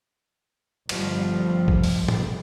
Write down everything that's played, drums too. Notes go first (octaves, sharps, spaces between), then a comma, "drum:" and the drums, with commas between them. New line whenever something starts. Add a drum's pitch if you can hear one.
G1 F3 G3 A3, drum: cymbal
drum: kick G#1
drum: open hi-hat
drum: tom